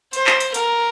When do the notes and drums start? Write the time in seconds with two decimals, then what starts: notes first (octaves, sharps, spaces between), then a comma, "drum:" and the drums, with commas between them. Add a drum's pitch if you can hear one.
0.13 C5, drum: hi-hat
0.27 drum: clap
0.40 drum: hi-hat
0.54 A#4, drum: hi-hat